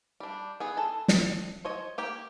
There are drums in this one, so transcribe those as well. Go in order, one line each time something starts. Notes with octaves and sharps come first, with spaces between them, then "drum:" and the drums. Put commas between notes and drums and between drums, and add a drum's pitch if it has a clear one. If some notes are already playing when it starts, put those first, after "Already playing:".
G3 D4
B3 G#4
A4 A5
drum: snare
C5 C#5 D#5
A#3 G4 G5